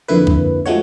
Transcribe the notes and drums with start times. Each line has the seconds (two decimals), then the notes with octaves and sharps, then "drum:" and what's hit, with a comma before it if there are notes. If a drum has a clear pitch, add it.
0.08 F2 D3 A#3 E4 B4
0.27 drum: kick
0.66 F3 G#3 A3 F#4 C#5